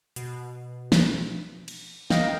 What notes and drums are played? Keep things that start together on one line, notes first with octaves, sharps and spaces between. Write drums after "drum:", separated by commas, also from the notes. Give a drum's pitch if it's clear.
B2, drum: hi-hat
drum: snare
drum: cymbal
A#4 D#5 F5 G5, drum: snare